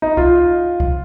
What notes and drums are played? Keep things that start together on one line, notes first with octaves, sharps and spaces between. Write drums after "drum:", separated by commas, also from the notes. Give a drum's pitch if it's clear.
D#4
F4, drum: kick C2
drum: kick C2